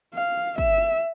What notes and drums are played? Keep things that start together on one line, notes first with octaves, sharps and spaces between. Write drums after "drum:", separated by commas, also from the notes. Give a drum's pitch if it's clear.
F5
E5, drum: kick